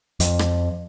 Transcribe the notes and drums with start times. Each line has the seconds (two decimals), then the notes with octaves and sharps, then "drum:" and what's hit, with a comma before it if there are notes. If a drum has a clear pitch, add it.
0.20 F2, drum: hi-hat
0.39 drum: rim click